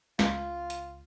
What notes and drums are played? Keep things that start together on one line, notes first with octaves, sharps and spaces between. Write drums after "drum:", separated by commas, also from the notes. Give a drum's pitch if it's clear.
C#2 F4, drum: snare
drum: hi-hat